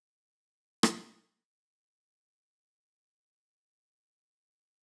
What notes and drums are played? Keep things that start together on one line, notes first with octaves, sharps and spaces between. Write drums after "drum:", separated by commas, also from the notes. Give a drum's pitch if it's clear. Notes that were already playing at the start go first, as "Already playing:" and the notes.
drum: rim click
C5
D5
B5
E4 F#4 B4 D5 F5 F#5
F4 D5 D#5 F5 F#5